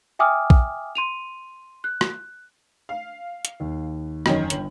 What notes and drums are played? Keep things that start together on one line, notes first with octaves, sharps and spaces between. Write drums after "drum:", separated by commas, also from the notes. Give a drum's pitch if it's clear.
E5 G5 G#5 D6 D#6 F6
drum: kick A#1
C6 D#7 F7
F#6
drum: rim click
F5
drum: hi-hat
D#2
E1 F#2 D#3 C#4 D#5, drum: rim click
G1 F#7, drum: hi-hat